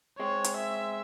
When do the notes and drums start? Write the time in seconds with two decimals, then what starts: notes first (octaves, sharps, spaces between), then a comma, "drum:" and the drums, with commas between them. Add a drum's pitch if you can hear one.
0.19 G#3 C4 C#5
0.44 drum: hi-hat
0.57 E5